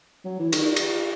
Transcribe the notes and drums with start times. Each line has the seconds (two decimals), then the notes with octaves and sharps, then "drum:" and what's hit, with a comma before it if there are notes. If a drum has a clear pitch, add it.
0.25 F#3
0.39 E3
0.52 D#3, drum: cymbal
0.76 drum: cymbal